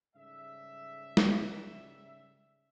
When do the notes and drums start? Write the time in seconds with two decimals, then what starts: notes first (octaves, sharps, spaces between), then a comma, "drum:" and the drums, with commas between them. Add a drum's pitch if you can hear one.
0.16 G#2 C#3 G3 A4 E5
1.17 drum: snare